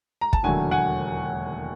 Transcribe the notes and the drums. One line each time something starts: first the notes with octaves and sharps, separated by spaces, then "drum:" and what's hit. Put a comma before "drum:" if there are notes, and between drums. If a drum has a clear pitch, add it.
A#5
A5, drum: kick
E1 D#2 D3 F#3 A3 F#5 G#5
F#5 G#5